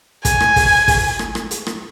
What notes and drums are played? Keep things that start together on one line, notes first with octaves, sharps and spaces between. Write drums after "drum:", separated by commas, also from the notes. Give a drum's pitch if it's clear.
G#5, drum: kick, hi-hat
drum: rim click
drum: kick, open hi-hat
drum: kick, open hi-hat
drum: rim click
drum: rim click
drum: hi-hat
drum: rim click